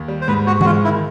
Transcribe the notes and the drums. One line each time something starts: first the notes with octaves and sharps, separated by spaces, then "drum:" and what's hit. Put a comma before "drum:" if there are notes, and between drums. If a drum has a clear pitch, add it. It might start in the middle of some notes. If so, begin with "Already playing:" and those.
Already playing: D#2
G3
C5
G#2 B4
G#2 F#4
F#4, drum: tom E3
G#3 F4
D#3 E4